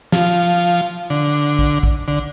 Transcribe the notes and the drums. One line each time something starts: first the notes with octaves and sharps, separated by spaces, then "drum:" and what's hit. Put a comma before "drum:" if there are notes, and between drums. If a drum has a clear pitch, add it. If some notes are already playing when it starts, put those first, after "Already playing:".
F3, drum: snare
D3
drum: kick
drum: kick
D3